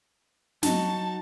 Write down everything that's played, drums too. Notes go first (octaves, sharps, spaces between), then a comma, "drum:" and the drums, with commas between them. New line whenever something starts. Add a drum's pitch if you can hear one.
F#3 D#4 F#4 A5, drum: snare